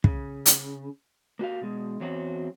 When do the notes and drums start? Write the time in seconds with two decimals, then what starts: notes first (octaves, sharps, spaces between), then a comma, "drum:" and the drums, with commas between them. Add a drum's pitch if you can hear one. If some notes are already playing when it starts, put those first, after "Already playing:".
0.04 C#3, drum: kick
0.46 drum: hi-hat
1.39 A#3 F#4 G4 F5
1.61 B2 G#3
2.00 E2 F#3 C4 F#4